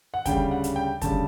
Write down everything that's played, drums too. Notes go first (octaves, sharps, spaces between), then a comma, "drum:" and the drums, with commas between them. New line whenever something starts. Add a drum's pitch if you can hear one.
F#5
D2 C#3 G3 G5, drum: kick, hi-hat
F#5
drum: hi-hat
G5
D2 C#3 G3 A5, drum: kick, hi-hat